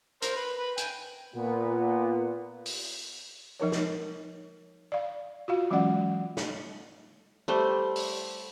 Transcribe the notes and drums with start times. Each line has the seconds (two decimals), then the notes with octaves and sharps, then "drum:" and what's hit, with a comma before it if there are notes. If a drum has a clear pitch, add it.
0.22 A#4 C5, drum: hi-hat
0.36 B4
0.59 B4
0.78 G5 G#5, drum: hi-hat
1.34 A#2 B3
2.66 drum: open hi-hat
3.60 F3 D#4 A#4 C#5
3.72 drum: snare
4.92 D5 F5
5.48 F4 F#4 F5
5.71 E3 F#3 G#3 C#4 D5 F#5
6.37 drum: snare
7.48 G3 A3 C5
7.96 drum: open hi-hat